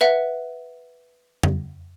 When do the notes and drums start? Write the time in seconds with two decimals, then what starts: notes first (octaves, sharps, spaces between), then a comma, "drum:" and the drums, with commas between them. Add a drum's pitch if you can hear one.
0.01 B4 E5 F#5
1.43 drum: tom F2